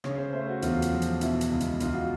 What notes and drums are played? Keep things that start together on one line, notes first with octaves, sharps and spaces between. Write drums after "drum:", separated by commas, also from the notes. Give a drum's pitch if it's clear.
C#3 C#5, drum: rim click
C5
A3 C5
F#4
E2 F4, drum: hi-hat
drum: hi-hat
F3
drum: hi-hat
B2 E4, drum: hi-hat
drum: hi-hat
C#2
drum: hi-hat
C#2 F4, drum: hi-hat
F#4